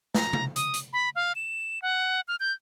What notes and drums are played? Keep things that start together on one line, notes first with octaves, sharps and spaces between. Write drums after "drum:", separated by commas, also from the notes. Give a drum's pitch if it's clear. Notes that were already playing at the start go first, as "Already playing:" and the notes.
A#5, drum: snare
drum: tom C3
D#6, drum: hi-hat
drum: hi-hat
B5
F5
E7
F#5
F6
G6